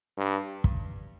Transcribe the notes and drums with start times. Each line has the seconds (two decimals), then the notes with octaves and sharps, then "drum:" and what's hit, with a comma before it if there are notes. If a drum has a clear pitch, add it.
0.17 G2
0.64 drum: kick